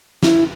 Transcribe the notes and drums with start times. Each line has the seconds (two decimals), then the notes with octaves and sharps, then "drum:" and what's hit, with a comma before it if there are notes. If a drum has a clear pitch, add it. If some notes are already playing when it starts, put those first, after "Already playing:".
0.23 E4, drum: snare